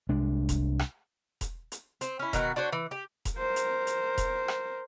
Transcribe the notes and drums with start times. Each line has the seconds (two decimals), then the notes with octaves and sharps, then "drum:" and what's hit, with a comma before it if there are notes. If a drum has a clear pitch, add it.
0.09 C2 G#3 D4
0.49 drum: kick E1, hi-hat
0.79 drum: rim click
1.41 drum: kick E1, hi-hat
1.72 drum: hi-hat
2.01 C4, drum: hi-hat
2.19 C#4 E4
2.33 B2 D#3 F#4, drum: kick E1, hi-hat
2.56 D4 F#4 C5 C#5
2.72 E3
2.91 G4
3.25 drum: kick E1, hi-hat
3.37 A#4 C5
3.56 drum: hi-hat
3.87 drum: hi-hat
4.18 drum: kick E1, hi-hat
4.48 drum: rim click